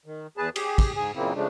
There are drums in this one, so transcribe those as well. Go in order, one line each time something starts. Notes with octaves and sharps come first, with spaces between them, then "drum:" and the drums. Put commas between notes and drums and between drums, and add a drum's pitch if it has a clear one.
D#3
E2 G#4 B4 A5
G4 G#4, drum: cymbal
drum: kick, cymbal
G#2 G#4 G#5
F#2 A#2 C#3 A#3 C4 E4
C#3 F3 G#3 A3 D4